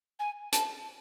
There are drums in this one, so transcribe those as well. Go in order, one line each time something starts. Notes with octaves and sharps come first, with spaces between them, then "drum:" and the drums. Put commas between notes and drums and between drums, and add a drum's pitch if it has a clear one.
G#5
A5, drum: hi-hat